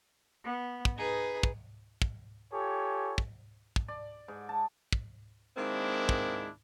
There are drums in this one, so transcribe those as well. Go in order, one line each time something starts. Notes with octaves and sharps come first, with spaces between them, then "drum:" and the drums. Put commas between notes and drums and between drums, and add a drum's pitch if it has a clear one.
B3
drum: kick
D#4 G#4 B4
drum: kick
drum: kick
F4 G4 A4 C#5 G#5
drum: kick
drum: kick
D5
G#2
A5
drum: kick
D#3 G#3 A#3 C4 D4 E4
drum: kick